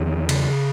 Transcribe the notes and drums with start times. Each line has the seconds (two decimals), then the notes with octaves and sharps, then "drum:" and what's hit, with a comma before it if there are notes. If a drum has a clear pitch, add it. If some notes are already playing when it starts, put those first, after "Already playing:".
Already playing: E2 D#3 F3
0.29 C#3, drum: cymbal